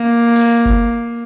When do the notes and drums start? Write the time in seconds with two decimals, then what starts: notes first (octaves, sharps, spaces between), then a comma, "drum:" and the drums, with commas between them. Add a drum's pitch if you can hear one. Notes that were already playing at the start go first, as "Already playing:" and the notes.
Already playing: A#3
0.36 drum: open hi-hat
0.65 drum: kick F#1